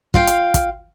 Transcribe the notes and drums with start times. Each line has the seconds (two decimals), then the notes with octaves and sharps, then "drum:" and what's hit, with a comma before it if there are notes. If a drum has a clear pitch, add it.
0.14 F4 F5 G5, drum: kick
0.27 drum: hi-hat
0.54 drum: kick, hi-hat